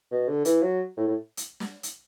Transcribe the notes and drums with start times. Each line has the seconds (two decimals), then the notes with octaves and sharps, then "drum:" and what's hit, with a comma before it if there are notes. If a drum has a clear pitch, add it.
0.11 B2
0.28 D3
0.45 E3, drum: hi-hat
0.62 F#3
0.97 A2
1.08 A2
1.37 drum: hi-hat
1.60 drum: snare
1.83 drum: hi-hat